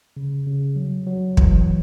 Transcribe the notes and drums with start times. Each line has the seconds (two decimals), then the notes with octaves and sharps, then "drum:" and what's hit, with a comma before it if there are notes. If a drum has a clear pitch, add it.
0.17 C#3
0.47 C#3
0.76 F#3
1.06 F#3
1.37 E3, drum: kick